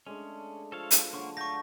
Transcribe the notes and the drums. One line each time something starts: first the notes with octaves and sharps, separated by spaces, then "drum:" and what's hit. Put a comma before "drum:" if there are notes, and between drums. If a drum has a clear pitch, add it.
G#3 A3 C#4 D4
F3 A4 C#5 F5
drum: hi-hat
D3 F#3 A#3 C6 C#6
A3 F5 C#6 G6 A#6